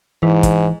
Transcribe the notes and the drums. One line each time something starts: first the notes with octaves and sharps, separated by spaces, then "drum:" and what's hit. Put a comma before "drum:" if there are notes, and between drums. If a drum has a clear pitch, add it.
G#2 E3
drum: kick, hi-hat